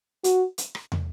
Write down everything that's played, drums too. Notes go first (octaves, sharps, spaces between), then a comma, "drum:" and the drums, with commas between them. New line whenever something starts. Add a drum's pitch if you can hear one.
F#4, drum: hi-hat
drum: hi-hat
drum: rim click
drum: tom